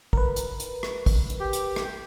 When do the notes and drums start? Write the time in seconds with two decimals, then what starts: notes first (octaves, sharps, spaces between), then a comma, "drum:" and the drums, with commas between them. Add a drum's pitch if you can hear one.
0.13 A#4 B4, drum: kick
0.36 drum: hi-hat
0.60 drum: hi-hat
0.83 drum: rim click
1.06 drum: kick, open hi-hat
1.30 drum: hi-hat
1.40 G4
1.53 drum: hi-hat
1.76 drum: rim click